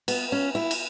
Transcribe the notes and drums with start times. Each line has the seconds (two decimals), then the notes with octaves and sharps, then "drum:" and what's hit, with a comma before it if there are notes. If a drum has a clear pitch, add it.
0.08 B3, drum: cymbal
0.32 C#4
0.55 E4
0.71 drum: cymbal